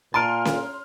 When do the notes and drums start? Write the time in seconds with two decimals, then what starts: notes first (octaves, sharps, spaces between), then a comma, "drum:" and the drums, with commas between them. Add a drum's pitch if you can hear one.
0.14 A#2 A5 A#5 C6 F6 D7
0.45 drum: snare C#4